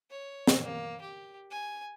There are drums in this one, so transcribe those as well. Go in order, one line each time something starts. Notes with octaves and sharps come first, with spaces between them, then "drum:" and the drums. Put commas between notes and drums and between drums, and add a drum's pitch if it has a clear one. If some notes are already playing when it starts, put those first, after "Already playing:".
C#5
drum: snare
A#3
G4
G#5